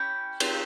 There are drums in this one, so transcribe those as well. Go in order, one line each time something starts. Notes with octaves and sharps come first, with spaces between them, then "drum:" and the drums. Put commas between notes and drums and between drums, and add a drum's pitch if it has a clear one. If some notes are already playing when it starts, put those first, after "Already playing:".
Already playing: C#4 E4 G4 G5
C4 F4 G#4, drum: cymbal